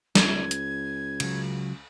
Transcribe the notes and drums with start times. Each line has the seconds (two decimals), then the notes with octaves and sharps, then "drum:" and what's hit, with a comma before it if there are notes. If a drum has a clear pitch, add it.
0.15 C#2 G#6, drum: snare
0.51 drum: hi-hat
1.20 C#3 F#3, drum: cymbal